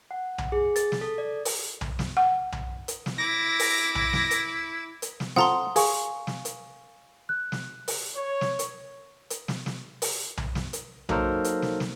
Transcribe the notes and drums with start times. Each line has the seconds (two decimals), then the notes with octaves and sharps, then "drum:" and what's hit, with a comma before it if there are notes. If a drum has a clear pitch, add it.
0.11 F#5
0.38 drum: tom B1
0.52 G#4
0.76 A6, drum: hi-hat
0.92 drum: snare
1.01 A4
1.18 D5
1.45 drum: open hi-hat
1.81 drum: tom B1
1.99 drum: snare
2.17 F#5
2.52 drum: tom B1
2.88 drum: hi-hat
3.06 drum: snare
3.18 E4 D6 E6 A#6
3.59 drum: open hi-hat
3.95 drum: tom B1
4.13 drum: snare
4.31 drum: hi-hat
5.02 drum: hi-hat
5.20 drum: snare
5.36 C4 F4 A4 F#5 A#5 C6 D#6, drum: snare
5.76 G#4 F5 G#5 C#6, drum: open hi-hat
6.27 drum: snare
6.45 drum: hi-hat
7.29 F#6
7.52 drum: snare
7.88 drum: open hi-hat
8.15 C#5
8.41 drum: snare
8.59 drum: hi-hat
9.30 drum: hi-hat
9.48 drum: snare
9.66 drum: snare
10.02 drum: open hi-hat
10.37 drum: tom B1
10.55 drum: snare
10.73 drum: hi-hat
11.09 F#3 A#3 D#4 A4 A#4 C5, drum: tom B1
11.44 drum: hi-hat
11.62 drum: snare
11.80 drum: snare